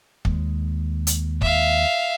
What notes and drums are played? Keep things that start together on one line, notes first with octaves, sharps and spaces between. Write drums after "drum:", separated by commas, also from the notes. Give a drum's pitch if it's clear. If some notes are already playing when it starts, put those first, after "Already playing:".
D#2 G#3, drum: kick
drum: hi-hat
E5 F5, drum: kick